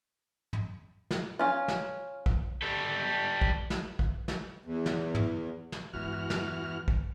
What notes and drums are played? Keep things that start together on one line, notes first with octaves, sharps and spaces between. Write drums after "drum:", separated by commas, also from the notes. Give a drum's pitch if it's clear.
drum: tom
drum: snare
C#4 F4
drum: snare
drum: kick
G3 A4
drum: kick
drum: snare
drum: kick
drum: snare
E2
drum: snare
drum: tom
drum: snare
E2 G2 G#3 F#4 F6
drum: snare
drum: kick